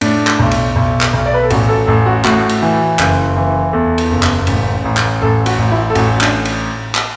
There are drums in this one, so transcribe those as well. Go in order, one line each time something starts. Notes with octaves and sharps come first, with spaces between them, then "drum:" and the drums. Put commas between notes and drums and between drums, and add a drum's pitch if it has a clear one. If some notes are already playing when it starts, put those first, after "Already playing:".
A2 D4, drum: cymbal
drum: clap
B1
drum: cymbal
B1
drum: clap
B1
D5
B4
A4
A1 F#4, drum: cymbal
A4
A1 A4
F#4
A2 F#4, drum: clap
drum: cymbal
E3
F#1, drum: clap
E3
E2 A4
drum: cymbal
F#1
drum: clap
A1, drum: cymbal
A1
drum: clap
A1 A4
F#4, drum: cymbal
A1
E4
A4
A1 F#4, drum: cymbal
D4, drum: clap
drum: cymbal
drum: clap